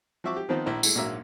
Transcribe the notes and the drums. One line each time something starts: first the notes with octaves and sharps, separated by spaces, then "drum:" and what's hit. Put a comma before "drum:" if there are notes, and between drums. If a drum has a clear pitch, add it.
F3 C4 F#4 E5 C#6 D6
G4
D#3 F3 B3 C4 D#4 F4
A#1 E4 C5 A#5
G#3 A3 E4, drum: tambourine
A#1 G#2 F#3 A#3 E5